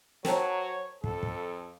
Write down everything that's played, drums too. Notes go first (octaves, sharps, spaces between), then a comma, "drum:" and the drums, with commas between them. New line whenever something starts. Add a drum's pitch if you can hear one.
F#3 A#4 C5 C#5 D#5 G5 A5 A#5, drum: snare
F2 A4, drum: kick
drum: kick